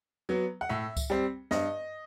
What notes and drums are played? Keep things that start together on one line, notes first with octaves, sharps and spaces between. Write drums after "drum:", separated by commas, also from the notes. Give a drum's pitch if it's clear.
F#3 B3
F#5
A2 E5
drum: kick C#2, tambourine
G3 C4
G2 D#5, drum: snare